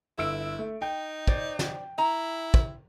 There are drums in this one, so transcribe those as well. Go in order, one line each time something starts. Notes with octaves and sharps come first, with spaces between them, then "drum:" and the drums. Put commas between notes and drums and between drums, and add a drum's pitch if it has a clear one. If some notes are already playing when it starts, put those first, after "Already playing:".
G1 E4 E6 D7
A3
D#4 G5
C5 D5, drum: kick
drum: snare
E4 A#5
drum: kick